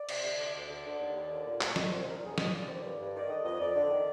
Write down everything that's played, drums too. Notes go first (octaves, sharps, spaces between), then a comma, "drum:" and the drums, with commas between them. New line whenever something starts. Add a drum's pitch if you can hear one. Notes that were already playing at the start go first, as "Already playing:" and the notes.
Already playing: D5
C3, drum: cymbal
D3
D2
D2 D5
D3
D3
D#2
D#2
D3
A#2
C2, drum: clap
D5
C2 D#5, drum: snare
A#2 C5
C5
D3 A#4
D#2 G#4
D#2 D#5, drum: snare
D3 D5
D#3 C5
D5
G2
G2
D#3 D5
D3 D#5
F2 D#5
F2 D5
D3
D#3